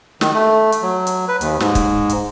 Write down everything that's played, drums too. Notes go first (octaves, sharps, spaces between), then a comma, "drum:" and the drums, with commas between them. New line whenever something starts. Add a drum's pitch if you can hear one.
D#3, drum: snare
A3
drum: hi-hat
F#3
drum: hi-hat
B4
D#2, drum: hi-hat
G#2, drum: snare
drum: kick, hi-hat
drum: hi-hat